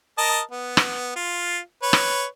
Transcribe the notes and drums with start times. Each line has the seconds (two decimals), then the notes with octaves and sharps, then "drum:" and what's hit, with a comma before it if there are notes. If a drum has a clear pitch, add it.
0.18 A#4 D#5 A5
0.51 B3
0.77 drum: rim click
1.16 F4
1.83 B4 C#5
1.93 drum: rim click